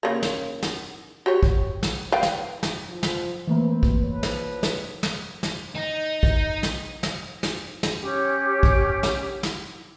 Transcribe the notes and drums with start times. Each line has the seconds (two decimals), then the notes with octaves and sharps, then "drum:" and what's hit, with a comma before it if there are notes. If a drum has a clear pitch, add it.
0.03 C#3 A#3
0.23 drum: snare
0.63 drum: snare
1.26 F#4 G4 C#5
1.43 drum: kick A#1
1.83 drum: snare
2.12 B4 F5 G5
2.23 drum: snare
2.63 drum: snare
2.89 F3
3.03 drum: snare
3.47 E3 A3 A#3 C4 B4
3.83 drum: kick A#1
4.03 F3 B4 C#5
4.23 drum: snare
4.63 drum: snare
5.03 drum: snare
5.43 drum: snare
5.75 D#4
6.23 drum: kick A#1
6.63 drum: snare
7.03 drum: snare
7.43 drum: snare
7.83 drum: snare
8.00 C#4 G4
8.63 drum: kick A#1
9.03 drum: snare
9.43 drum: snare